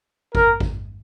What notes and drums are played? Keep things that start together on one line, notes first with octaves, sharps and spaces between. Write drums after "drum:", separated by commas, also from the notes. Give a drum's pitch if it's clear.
A#4, drum: kick G#1
drum: kick G#1